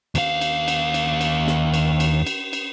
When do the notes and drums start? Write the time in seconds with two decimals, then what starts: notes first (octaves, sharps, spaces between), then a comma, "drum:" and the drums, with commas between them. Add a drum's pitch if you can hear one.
0.15 D#2 F5, drum: cymbal
0.41 drum: cymbal
0.68 drum: cymbal
0.94 drum: cymbal
1.21 drum: cymbal
1.47 drum: snare
1.74 drum: cymbal
2.00 drum: cymbal
2.27 drum: cymbal
2.53 drum: cymbal